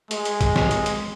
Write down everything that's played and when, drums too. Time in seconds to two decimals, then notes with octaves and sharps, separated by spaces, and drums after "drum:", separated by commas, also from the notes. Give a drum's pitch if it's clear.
0.11 G#3, drum: hi-hat
0.25 drum: hi-hat
0.41 drum: kick, hi-hat
0.56 drum: snare
0.71 drum: hi-hat
0.86 drum: hi-hat